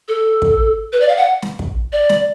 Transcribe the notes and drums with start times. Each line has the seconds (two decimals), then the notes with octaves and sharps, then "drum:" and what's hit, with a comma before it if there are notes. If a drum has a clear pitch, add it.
0.08 A4
0.42 drum: kick
0.92 B4
1.00 D5
1.09 F5
1.17 F#5
1.42 drum: snare
1.59 drum: kick
1.93 D5
2.09 drum: snare